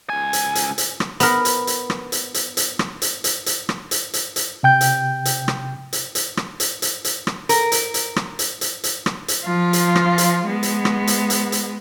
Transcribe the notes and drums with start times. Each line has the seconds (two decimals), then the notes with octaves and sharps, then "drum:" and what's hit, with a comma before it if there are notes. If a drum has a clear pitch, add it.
0.10 C#2 G#5
0.33 drum: hi-hat
0.55 drum: hi-hat
0.78 drum: hi-hat
1.00 drum: rim click
1.20 B3 A#4, drum: hi-hat
1.45 drum: hi-hat
1.67 drum: hi-hat
1.90 drum: rim click
2.12 drum: hi-hat
2.34 drum: hi-hat
2.57 drum: hi-hat
2.79 drum: rim click
3.02 drum: hi-hat
3.24 drum: hi-hat
3.46 drum: hi-hat
3.69 drum: rim click
3.91 drum: hi-hat
4.13 drum: hi-hat
4.36 drum: hi-hat
4.63 C3 G5 G6
4.81 drum: hi-hat
5.25 drum: hi-hat
5.48 drum: rim click
5.93 drum: hi-hat
6.15 drum: hi-hat
6.37 drum: rim click
6.60 drum: hi-hat
6.82 drum: hi-hat
7.04 drum: hi-hat
7.27 drum: rim click
7.49 A#4, drum: hi-hat
7.72 drum: hi-hat
7.94 drum: hi-hat
8.16 drum: rim click
8.39 drum: hi-hat
8.61 drum: hi-hat
8.84 drum: hi-hat
9.06 drum: rim click
9.28 drum: hi-hat
9.45 F3 F4
9.73 drum: hi-hat
9.95 drum: rim click
10.18 drum: hi-hat
10.47 G#3 B3
10.63 drum: hi-hat
10.85 drum: rim click
11.07 drum: hi-hat
11.30 drum: hi-hat
11.52 drum: hi-hat